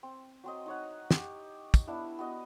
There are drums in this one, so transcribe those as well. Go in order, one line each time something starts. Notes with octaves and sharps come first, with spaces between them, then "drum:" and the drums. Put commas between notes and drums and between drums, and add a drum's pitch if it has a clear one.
C4
F#3 C4 D#5
D#4 C#5 F#5
G4, drum: snare
drum: kick, tambourine
B3 D4 E4 E6
B3 F#4 D#5